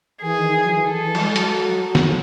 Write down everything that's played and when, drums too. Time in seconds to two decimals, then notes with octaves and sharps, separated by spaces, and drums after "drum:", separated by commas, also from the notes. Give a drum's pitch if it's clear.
0.22 E3 G#4
0.39 D#3
0.55 E3
0.65 F#3
0.72 D#3
0.76 E3
0.87 A4
1.03 E3
1.15 F#3, drum: cymbal
1.20 G#3
1.36 F#3, drum: hi-hat
1.95 drum: snare